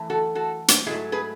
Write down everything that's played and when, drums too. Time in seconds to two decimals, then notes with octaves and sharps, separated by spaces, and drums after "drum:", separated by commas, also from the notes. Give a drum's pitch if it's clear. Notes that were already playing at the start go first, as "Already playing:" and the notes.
Already playing: F#2 E3 A3
0.10 F#4 A4
0.35 F#4 A4
0.68 drum: hi-hat
0.86 G#2 F#3 A3 E4 G#4
1.12 G#4 B4